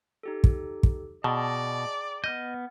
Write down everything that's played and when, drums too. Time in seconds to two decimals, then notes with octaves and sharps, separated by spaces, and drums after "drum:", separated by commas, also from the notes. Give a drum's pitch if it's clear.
0.23 D#4 G4 A4
0.44 drum: kick
0.83 drum: kick
1.24 B2 G#4 D5 D#5 G5 A5 A#5
2.24 B3 D#5 F6 G6